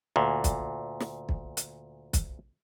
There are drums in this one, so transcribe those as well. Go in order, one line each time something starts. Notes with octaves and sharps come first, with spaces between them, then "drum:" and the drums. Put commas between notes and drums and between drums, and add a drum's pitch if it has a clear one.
D2 A#2
drum: kick, hi-hat
drum: snare
drum: kick
drum: hi-hat
drum: kick, hi-hat